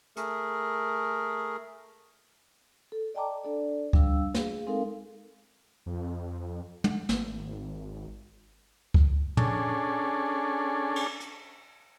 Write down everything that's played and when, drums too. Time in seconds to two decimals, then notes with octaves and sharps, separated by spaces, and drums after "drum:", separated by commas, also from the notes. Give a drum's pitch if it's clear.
0.17 A3 G#4 A#4, drum: hi-hat
2.92 A4
3.15 D5 D#5 G5 A5 A#5 D6
3.44 D4 A4 D5
3.93 G3 D4 F5 E6, drum: kick C#2
4.34 G#4 F5, drum: snare
4.67 G#3 C4 D#4 A4 A#4 F5
5.86 F2
6.84 drum: tom
7.09 G#1, drum: snare
8.94 drum: kick C#2
9.37 C#4 D4 G#4 A4, drum: tom
10.96 drum: cymbal
11.20 drum: hi-hat